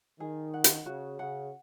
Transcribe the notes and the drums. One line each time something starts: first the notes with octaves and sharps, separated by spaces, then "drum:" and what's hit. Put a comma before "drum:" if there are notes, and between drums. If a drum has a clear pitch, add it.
D#3 G#4
F#5
drum: hi-hat
C#3 F#4
C#3 F#5